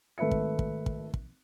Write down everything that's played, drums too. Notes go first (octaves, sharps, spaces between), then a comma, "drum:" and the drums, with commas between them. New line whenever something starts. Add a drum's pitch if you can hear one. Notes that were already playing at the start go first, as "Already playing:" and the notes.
G#1 A3 B4 E5 C#7
drum: kick
drum: kick
drum: kick
drum: kick